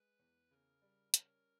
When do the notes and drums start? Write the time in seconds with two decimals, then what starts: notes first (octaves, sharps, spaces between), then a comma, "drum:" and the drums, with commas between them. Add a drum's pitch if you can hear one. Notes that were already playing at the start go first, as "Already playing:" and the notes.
Already playing: G#3 B4
0.19 E2
0.51 C#3 A#4
0.82 G3
1.14 C#4 A#4, drum: hi-hat